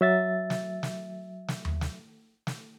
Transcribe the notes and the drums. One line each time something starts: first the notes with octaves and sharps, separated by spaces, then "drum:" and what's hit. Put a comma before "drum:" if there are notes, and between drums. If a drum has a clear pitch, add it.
F#3 E5 A6
drum: snare
drum: snare
drum: snare
drum: tom D#2
drum: snare
drum: snare